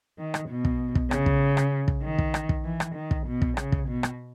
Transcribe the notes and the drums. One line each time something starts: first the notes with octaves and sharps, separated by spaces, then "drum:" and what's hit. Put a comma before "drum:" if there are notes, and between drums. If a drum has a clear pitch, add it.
D#3
drum: rim click
B2
drum: kick
drum: kick
C#3, drum: rim click
drum: kick
drum: rim click
drum: kick
D#3
drum: kick
drum: rim click
drum: kick
E3
drum: rim click
D#3
drum: kick
B2
drum: kick
C#3, drum: rim click
drum: kick
B2
drum: rim click